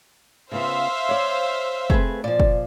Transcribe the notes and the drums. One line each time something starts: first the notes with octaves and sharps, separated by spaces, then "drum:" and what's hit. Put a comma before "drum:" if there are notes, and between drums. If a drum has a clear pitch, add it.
C#3 B3 F4 C5 E5 F5
C#5 D5
A3 C4 G#4 B4, drum: kick
A#2 F3 D5
drum: kick